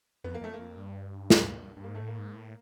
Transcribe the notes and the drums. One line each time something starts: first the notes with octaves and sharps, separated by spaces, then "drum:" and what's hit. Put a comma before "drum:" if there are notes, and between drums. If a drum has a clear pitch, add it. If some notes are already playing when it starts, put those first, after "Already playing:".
F2 B3
A#3
F2 A3
A#3
F2
G2
A#3, drum: snare
G2
G#2 A#3
A3
A2
A#3
G#2
A2